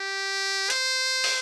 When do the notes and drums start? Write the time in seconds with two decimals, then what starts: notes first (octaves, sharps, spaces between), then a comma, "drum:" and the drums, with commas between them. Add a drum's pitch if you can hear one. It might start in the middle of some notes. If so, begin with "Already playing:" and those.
Already playing: G4
0.70 C5, drum: hi-hat
1.24 drum: open hi-hat